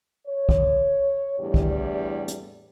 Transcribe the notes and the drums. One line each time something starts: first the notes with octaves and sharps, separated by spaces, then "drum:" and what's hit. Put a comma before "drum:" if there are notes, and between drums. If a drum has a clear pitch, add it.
C#5
drum: kick
E2 A2 G3 D4 G4
drum: kick
drum: hi-hat